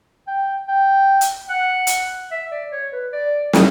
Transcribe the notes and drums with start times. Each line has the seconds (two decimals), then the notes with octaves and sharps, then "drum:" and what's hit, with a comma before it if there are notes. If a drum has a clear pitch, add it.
0.28 G5
0.69 G5
1.21 drum: hi-hat
1.49 F#5
1.87 drum: hi-hat
2.31 E5
2.52 D5
2.72 C#5
2.93 B4
3.13 D5
3.53 D5, drum: snare